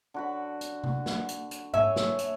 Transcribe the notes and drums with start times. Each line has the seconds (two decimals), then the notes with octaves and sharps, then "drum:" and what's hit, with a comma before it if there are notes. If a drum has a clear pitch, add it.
0.14 D3 F#4 B5
0.61 drum: hi-hat
0.84 drum: tom C3
1.06 drum: snare
1.29 drum: hi-hat
1.51 drum: hi-hat
1.74 A4 C#5 E5 G#5, drum: tom G#2
1.96 drum: snare
2.19 drum: hi-hat